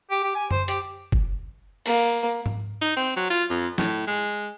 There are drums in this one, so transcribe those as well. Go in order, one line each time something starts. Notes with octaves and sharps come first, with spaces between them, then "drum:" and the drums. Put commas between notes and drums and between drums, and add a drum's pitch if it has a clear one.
G4
G4
G#5
C5, drum: tom F#2
G4, drum: hi-hat
drum: kick
A#3, drum: open hi-hat
drum: tom G#2
D#4
C4
F#3
F4
F2
A2, drum: snare
G#3